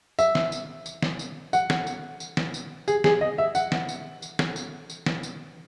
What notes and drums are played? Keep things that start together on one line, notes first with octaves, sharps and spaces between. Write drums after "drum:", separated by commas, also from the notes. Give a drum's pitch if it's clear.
E5, drum: tambourine
drum: snare
drum: tambourine
drum: tambourine
drum: snare
drum: tambourine
F#5, drum: tambourine
drum: snare
drum: tambourine
drum: tambourine
drum: snare
drum: tambourine
G#4, drum: tambourine
G#4, drum: snare
D#5
E5
F#5, drum: tambourine
drum: snare
drum: tambourine
drum: tambourine
drum: snare
drum: tambourine
drum: tambourine
drum: snare
drum: tambourine